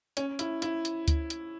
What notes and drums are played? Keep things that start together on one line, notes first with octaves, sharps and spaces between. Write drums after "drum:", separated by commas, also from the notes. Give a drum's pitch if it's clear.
C#4, drum: hi-hat
E4, drum: hi-hat
E4, drum: hi-hat
drum: hi-hat
drum: kick D2, hi-hat
drum: hi-hat